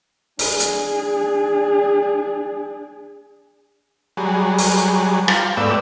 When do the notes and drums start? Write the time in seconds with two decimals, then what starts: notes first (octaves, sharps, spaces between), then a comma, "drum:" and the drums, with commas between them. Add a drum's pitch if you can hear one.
0.39 D4 G#4, drum: open hi-hat
0.60 drum: hi-hat
4.17 F#3 G3 G#4
4.58 drum: open hi-hat
5.28 F4 G5, drum: rim click
5.57 G#2 A3 B3 D5 G5 E6